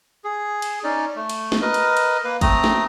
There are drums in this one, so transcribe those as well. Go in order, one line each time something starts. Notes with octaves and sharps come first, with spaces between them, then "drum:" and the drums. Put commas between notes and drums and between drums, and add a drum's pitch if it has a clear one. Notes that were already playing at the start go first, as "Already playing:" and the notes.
G#4
drum: cymbal
C#4 D#4 D5
A3
drum: cymbal
drum: snare
A#4 B4 D#5
drum: cymbal
drum: cymbal
A#3 B4
A3 C4 A#5 D#6, drum: kick, cymbal
drum: snare